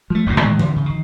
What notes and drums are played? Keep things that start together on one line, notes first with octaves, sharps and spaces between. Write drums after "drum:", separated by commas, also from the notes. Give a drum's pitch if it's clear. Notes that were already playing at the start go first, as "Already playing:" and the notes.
F3 A3
F#1 D2 G#2 B2
A2 D#3 E3 G#3
D3, drum: tom E3
C#3
D#3